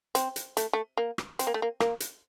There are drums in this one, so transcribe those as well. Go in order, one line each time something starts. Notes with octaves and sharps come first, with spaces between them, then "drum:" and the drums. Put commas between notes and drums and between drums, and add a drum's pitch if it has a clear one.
C4, drum: hi-hat
drum: hi-hat
A3, drum: hi-hat
A3
A#3
drum: rim click
C4, drum: hi-hat
A#3
A3
A#3
A#3, drum: rim click
drum: hi-hat